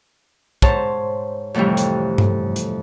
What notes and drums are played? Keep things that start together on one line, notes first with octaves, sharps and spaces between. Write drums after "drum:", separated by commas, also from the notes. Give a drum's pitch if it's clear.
G#2 C5 C#5 A5, drum: kick
F2 A2 C3 E3 G3
drum: hi-hat
drum: tom G2
drum: hi-hat